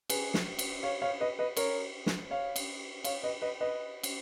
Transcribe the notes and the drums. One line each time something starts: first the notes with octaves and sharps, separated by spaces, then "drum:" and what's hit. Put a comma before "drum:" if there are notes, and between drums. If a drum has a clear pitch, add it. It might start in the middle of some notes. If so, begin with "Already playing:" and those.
G#4 B4, drum: cymbal
drum: snare
drum: cymbal
C#5 F5
C#5 F5
B4 D#5
B4 D#5
A#4 C#5, drum: cymbal
drum: snare
C#5 F5
drum: cymbal
C#5 F5, drum: cymbal
B4 D#5
B4 D#5
B4 D#5
drum: cymbal